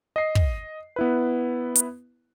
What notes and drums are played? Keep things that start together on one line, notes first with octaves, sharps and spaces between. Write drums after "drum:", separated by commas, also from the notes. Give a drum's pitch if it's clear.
D#5 C7
drum: kick
B3 E4 B4
drum: hi-hat